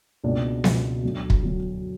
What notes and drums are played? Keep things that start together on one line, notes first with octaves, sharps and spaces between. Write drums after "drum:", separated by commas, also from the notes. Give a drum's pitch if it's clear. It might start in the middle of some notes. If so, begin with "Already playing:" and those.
C#2 B2 A#3 D4
C#2 B2 A#3 D4, drum: snare B3
D2 D3 F#3
drum: kick
D2 D3 F#3